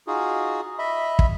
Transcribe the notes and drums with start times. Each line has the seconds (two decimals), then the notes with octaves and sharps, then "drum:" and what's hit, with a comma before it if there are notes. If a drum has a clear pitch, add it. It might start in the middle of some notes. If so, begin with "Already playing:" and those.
0.07 D#4 F4 F#4 G#4
0.79 D#5 E5 B5
1.19 drum: kick